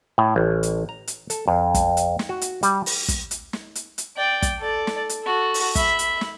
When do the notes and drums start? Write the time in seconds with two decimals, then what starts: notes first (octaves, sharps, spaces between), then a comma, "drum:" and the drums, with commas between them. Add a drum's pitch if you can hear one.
0.18 A2
0.36 A1
0.63 drum: hi-hat
0.89 A#5
1.07 drum: hi-hat
1.30 A4, drum: hi-hat
1.48 F2
1.74 drum: kick, hi-hat
1.97 drum: hi-hat
2.19 drum: snare
2.29 F#4
2.41 drum: hi-hat
2.63 G3, drum: hi-hat
2.86 drum: open hi-hat
3.08 drum: kick, hi-hat
3.31 drum: hi-hat
3.53 drum: snare
3.75 drum: hi-hat
3.98 drum: hi-hat
4.17 D5 G5
4.42 drum: kick, hi-hat
4.59 A4 D5
4.87 drum: snare
5.09 drum: hi-hat
5.23 F#4 A4
5.54 drum: open hi-hat
5.75 E5 B5, drum: kick, hi-hat
5.99 drum: hi-hat
6.21 drum: snare